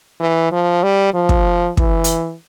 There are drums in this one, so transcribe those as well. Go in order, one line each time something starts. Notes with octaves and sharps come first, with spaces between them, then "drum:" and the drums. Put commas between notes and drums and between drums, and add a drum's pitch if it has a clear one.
E3
F3
G3
F3
drum: kick
E3, drum: kick
drum: hi-hat